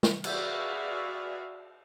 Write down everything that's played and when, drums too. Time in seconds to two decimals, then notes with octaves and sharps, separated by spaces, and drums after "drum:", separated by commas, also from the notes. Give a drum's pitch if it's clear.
0.03 drum: snare
0.24 F#4 G#4 B4 D5 E5 F5, drum: cymbal